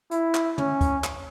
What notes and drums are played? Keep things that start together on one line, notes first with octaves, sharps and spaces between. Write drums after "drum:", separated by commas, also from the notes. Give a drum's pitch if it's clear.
E4, drum: hi-hat
drum: clap
C#4, drum: tom
drum: kick, hi-hat
drum: clap